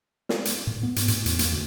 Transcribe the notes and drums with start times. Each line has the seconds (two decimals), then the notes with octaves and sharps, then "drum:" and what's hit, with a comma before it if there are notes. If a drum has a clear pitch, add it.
0.29 drum: snare
0.45 drum: hi-hat
0.67 A2
0.83 B3
0.96 G#2, drum: hi-hat
1.08 A2, drum: hi-hat
1.26 E2, drum: hi-hat
1.39 A#3, drum: hi-hat
1.52 D2